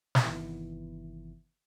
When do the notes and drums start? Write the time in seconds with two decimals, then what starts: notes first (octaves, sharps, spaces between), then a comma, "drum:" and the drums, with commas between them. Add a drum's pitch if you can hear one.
0.15 drum: snare
0.24 G1 C3 D#3 E3 B3 E4